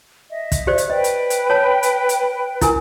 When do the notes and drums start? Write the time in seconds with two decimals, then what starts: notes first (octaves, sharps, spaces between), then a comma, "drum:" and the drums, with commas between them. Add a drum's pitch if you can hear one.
0.30 D#5 E5
0.52 drum: kick, hi-hat
0.67 G4 C5 D5
0.78 drum: hi-hat
0.90 B4 D#5 G5
1.04 drum: hi-hat
1.30 drum: hi-hat
1.50 C#5 A5
1.83 drum: hi-hat
2.09 drum: hi-hat
2.61 E4 A#4 G#5, drum: kick, hi-hat